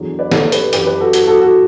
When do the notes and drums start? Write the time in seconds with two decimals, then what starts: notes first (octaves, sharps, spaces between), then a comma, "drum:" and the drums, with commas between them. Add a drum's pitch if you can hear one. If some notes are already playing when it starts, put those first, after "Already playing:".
Already playing: E2 D3 F#3
0.19 B4 D5
0.31 A4 C#5, drum: snare
0.52 G4 B4, drum: hi-hat
0.73 F#2 E3 G4 B4, drum: hi-hat
0.86 G4 B4
1.00 F#4 A4
1.13 F#4 A4, drum: hi-hat
1.27 F#4 A4
1.41 F#4 A4